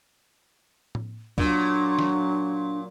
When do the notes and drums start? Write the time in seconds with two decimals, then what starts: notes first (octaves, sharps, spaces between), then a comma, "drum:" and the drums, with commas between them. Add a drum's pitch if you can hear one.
0.95 drum: tom A2
1.38 A#2 F#3 D4, drum: kick C#2
1.99 drum: snare